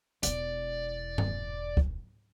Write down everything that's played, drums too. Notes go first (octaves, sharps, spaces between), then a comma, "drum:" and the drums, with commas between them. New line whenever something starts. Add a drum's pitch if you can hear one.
E1 E4 D5, drum: hi-hat
drum: tom G2
drum: kick